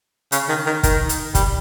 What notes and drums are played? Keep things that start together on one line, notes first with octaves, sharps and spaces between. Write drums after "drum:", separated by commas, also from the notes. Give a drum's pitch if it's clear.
C#3, drum: hi-hat
D#3
D#3
D#3, drum: kick, hi-hat
drum: hi-hat
G3, drum: kick, hi-hat